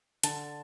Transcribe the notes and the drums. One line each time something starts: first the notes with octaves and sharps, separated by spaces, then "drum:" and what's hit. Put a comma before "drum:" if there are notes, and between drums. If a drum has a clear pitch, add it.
D3 A5, drum: hi-hat